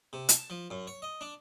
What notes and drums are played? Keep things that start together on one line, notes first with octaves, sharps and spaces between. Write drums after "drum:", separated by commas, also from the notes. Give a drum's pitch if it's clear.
C3
A5, drum: hi-hat
F3
F#2
C#5
D#5
D4